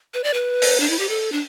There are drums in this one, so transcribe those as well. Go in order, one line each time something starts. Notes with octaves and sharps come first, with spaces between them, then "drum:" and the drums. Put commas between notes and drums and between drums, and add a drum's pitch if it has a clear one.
B4
D5
B4
drum: open hi-hat
D4
E4
G4
A4
D4